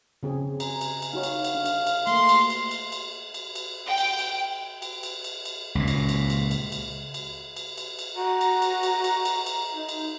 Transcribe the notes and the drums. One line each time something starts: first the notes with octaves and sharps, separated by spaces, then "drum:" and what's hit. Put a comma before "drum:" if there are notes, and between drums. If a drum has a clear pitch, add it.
C#3 C4 G#4
G#5 A#5, drum: cymbal
drum: cymbal
drum: cymbal
D#4 F#4 C#5 F5
drum: cymbal
drum: cymbal
D4
drum: cymbal
drum: cymbal
A3 A#3 C6, drum: cymbal
drum: cymbal
drum: cymbal
drum: cymbal
drum: cymbal
drum: cymbal
drum: cymbal
G5
drum: cymbal
drum: cymbal
drum: cymbal
drum: cymbal
drum: cymbal
drum: cymbal
C#2 A#2
drum: cymbal
drum: cymbal
drum: cymbal
drum: cymbal
drum: cymbal
drum: cymbal
drum: cymbal
drum: cymbal
drum: cymbal
F#4 A#5
drum: cymbal
drum: cymbal
drum: cymbal
drum: cymbal
drum: cymbal
drum: cymbal
D#4
drum: cymbal